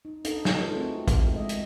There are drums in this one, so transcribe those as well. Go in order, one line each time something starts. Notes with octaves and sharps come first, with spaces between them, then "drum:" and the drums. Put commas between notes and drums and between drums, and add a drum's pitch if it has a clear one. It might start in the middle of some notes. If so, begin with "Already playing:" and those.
D#4
D4 D#4 A4, drum: hi-hat
drum: snare
A3 F4 A#4 B4
C4 F#4 G#4
drum: kick, hi-hat
G#3 D#5 E5
drum: hi-hat